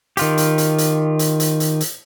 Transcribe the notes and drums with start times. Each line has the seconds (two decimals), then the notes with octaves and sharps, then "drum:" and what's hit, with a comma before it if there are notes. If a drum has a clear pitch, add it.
0.17 D#3 F4 G4, drum: hi-hat
0.38 drum: hi-hat
0.58 drum: hi-hat
0.78 drum: hi-hat
1.19 drum: hi-hat
1.40 drum: hi-hat
1.60 drum: hi-hat
1.81 drum: hi-hat